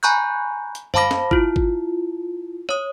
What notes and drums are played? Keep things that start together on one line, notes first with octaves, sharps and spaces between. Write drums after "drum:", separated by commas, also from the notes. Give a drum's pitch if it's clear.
G#5 A#5 B5 C#6 F#6 G6
drum: hi-hat
C5 F5 A5 B5 D6 A#6, drum: tom F#2
drum: snare
E4 F4, drum: kick G#1
drum: kick G#1
C#5 D#6, drum: rim click